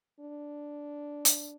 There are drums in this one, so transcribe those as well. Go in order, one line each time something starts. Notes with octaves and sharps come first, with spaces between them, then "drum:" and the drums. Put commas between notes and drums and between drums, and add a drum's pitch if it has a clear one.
D4
drum: hi-hat